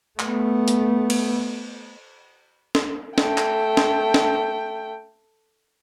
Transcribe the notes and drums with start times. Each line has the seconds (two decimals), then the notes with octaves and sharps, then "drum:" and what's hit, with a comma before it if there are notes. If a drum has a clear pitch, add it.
0.20 A3 B3, drum: clap
0.68 drum: hi-hat
1.10 drum: cymbal
2.75 drum: snare
3.18 A3 G5, drum: snare
3.38 drum: clap
3.77 drum: snare
4.14 drum: snare